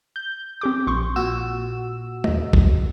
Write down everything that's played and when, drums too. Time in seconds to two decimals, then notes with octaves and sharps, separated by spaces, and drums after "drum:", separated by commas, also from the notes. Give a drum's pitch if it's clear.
0.16 G6
0.61 C4 G4 D6
0.87 A#1 C6 C#6
1.16 A#2 F#4 E6
2.24 D#2 D#5, drum: tom
2.53 drum: kick C2